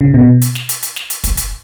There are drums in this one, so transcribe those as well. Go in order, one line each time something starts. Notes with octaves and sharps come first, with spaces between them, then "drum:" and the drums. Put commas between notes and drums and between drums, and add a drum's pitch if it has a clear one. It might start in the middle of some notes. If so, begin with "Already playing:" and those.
C#3
B2
drum: hi-hat
drum: snare
drum: hi-hat
drum: hi-hat
drum: snare
drum: hi-hat
drum: kick, hi-hat
drum: hi-hat